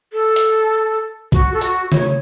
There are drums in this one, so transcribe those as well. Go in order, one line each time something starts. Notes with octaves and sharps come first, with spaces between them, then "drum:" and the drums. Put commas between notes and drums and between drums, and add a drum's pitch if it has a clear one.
A4
drum: hi-hat
F#4, drum: kick B1
A4
F#4, drum: hi-hat
C#5, drum: tom C#3